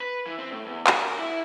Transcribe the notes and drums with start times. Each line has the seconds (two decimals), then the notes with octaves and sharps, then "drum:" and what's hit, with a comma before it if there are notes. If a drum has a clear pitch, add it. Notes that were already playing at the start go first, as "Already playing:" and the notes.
0.01 B4
0.27 E3
0.38 C4
0.52 A2
0.66 E2
0.87 F#4, drum: clap
1.02 A#4
1.19 E4